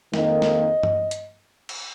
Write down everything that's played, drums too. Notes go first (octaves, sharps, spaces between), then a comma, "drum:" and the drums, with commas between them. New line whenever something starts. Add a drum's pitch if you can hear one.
F2 D#3 A#3 D#5, drum: snare
drum: snare
drum: tom G2
drum: hi-hat
drum: cymbal